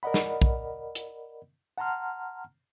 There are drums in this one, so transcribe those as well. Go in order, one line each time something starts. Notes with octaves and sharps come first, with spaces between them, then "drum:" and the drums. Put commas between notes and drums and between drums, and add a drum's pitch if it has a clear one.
A#4 D5 D#5 F#5 B5
drum: snare
drum: kick
drum: hi-hat
F#5 A5 A#5 C6 F6